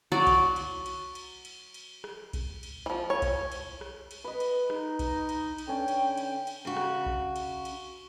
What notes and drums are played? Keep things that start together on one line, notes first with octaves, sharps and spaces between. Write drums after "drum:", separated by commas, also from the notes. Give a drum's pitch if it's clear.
F#3 D5
drum: kick B1, cymbal
drum: cymbal
drum: cymbal
drum: cymbal
drum: cymbal
drum: cymbal
drum: rim click
drum: kick B1, cymbal
drum: cymbal
E3 F3
C#5
drum: kick B1, cymbal
drum: cymbal
drum: rim click
drum: cymbal
B4 D#5
drum: cymbal
D#4, drum: rim click
drum: kick B1, cymbal
drum: cymbal
drum: cymbal
D3 C#4 G5
drum: cymbal
drum: cymbal
drum: cymbal
C#3 F#4
drum: rim click
drum: kick B1
drum: cymbal
drum: cymbal